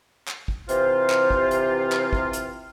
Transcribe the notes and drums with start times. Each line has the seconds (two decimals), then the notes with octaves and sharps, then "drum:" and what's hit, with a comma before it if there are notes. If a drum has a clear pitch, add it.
0.28 drum: clap
0.48 drum: kick
0.69 C3 E3 F4 C5, drum: hi-hat
1.10 drum: clap
1.30 drum: kick
1.51 drum: hi-hat
1.92 drum: clap
2.13 drum: kick
2.33 drum: hi-hat